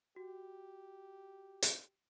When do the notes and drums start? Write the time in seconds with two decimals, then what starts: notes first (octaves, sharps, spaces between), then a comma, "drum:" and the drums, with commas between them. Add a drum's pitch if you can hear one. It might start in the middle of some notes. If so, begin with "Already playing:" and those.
0.16 F#4 G4
1.62 drum: hi-hat